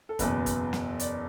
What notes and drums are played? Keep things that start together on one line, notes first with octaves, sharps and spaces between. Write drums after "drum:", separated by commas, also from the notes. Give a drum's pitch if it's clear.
A4
F#1 E2 B2 B4, drum: kick, hi-hat
drum: kick, hi-hat
drum: snare
D5, drum: hi-hat